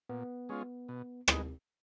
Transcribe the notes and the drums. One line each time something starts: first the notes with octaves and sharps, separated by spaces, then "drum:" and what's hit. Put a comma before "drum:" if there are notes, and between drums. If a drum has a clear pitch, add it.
A#2 B3
G#3 C#4 F4
B2
G#3 B3 D#4, drum: rim click